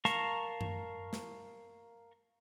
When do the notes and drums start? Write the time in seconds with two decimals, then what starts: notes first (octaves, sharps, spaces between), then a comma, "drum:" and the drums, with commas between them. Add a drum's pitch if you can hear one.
0.05 A#4 F5 A5 A#5 C#6, drum: snare
0.61 drum: tom F#2
1.13 drum: snare